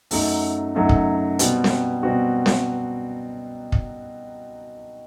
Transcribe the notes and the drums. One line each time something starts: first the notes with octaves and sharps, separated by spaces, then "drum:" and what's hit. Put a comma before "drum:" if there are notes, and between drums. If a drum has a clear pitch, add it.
F#2 F#3 A3 D#4 A4, drum: open hi-hat
F#2 F#3 A3 D#4 A4
drum: kick
B2 G3 C4 F#4, drum: hi-hat
drum: snare C4
B2 G3 C4 F#4
drum: snare C4
drum: kick